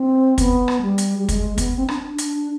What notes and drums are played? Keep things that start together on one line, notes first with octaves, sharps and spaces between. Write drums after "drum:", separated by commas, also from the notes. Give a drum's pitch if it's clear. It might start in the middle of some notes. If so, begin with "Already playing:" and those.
Already playing: C4
B3, drum: kick, hi-hat
drum: rim click
G3
drum: hi-hat
G3
G#3, drum: kick, hi-hat
B3, drum: kick, hi-hat
C4
D4, drum: rim click
D4, drum: hi-hat